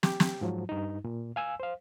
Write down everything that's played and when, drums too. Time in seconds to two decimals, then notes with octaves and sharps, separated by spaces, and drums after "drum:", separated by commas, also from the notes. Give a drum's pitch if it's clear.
0.03 G4 G5, drum: snare
0.20 drum: snare
0.41 G#2 F3 F#3
0.69 G2 D#4
1.04 A#2
1.36 F5 G#5 E6
1.60 C5 F5